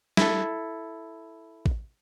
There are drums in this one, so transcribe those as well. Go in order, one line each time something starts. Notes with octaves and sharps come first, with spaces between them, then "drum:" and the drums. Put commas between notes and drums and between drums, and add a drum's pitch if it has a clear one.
E4 A4, drum: snare
drum: kick